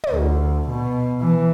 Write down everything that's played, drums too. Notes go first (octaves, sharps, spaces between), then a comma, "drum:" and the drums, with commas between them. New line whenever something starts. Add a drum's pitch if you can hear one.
drum: tom
D2
B2
E3